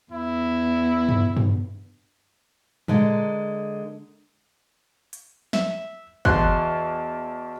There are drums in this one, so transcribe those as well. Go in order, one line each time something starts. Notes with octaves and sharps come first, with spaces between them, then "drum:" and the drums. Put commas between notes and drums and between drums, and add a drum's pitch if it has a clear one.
E2 E4
drum: tom G2
drum: tom G2
D3 G#3 A#3, drum: tom A#2
drum: hi-hat
E5, drum: snare
E2 F#4 D#5 A5 C6 F#6, drum: kick